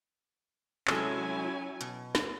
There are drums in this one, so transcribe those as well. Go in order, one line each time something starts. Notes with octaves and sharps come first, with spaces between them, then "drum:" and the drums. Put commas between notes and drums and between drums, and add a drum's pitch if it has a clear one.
C3 F#3 G#3 C#4 E4 A4 G#5, drum: clap
B2, drum: hi-hat
drum: snare